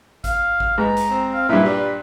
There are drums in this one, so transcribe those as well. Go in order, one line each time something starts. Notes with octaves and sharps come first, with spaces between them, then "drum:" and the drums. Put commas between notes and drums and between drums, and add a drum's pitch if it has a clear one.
F5, drum: kick G1, hi-hat
drum: kick G1
G#2 B4 A#5
drum: hi-hat
C4
F5
G2 A#2 E4 B4
G3